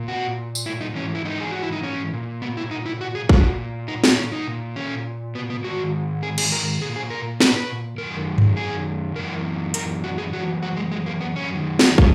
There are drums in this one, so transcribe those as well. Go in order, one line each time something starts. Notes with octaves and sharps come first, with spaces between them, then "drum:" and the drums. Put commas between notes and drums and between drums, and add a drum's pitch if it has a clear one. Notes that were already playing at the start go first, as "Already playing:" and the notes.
Already playing: A#2
F#4
drum: tambourine
E4
D#4
G#2 E3 C#4
E4
D#4
G#4
F#4
E4
D#4
C#4
A#2
B3
E4
D#4
E4
F#4
G#4
A#2 F#4, drum: kick
D#4
D#4, drum: snare
C#4
D#4
A#2
C#4
B3
B3
G#2 D#3 F#4
G#4
G#4, drum: cymbal
A#4
A#2 G#4
G#4
A#4
B4, drum: snare
B4
F#2 D#3 A#4
drum: tom G2
G#4
F#2 E3 A#4
A#4, drum: hi-hat
F#4
G#4
F#2 C#3 E3 F#4
F#4
G#3
G#3
A#3
B3
C#4
F#2 D#3
B3, drum: snare
B3, drum: kick